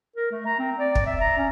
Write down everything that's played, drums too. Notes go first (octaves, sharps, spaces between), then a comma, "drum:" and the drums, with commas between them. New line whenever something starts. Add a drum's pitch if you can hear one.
A#4
A3
A#5
C4
D5
drum: kick
E5
A#5
C#4